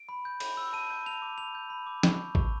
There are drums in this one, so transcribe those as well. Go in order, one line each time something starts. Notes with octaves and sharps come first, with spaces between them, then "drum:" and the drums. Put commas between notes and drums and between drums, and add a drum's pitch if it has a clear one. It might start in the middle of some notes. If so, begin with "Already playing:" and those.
Already playing: D7
B5
G6
B5, drum: cymbal
E6
A5 D#7
G6
A5 F7
D6
B5 F7
G6
B5
D6
C#6, drum: snare
G6
C#6, drum: kick G#1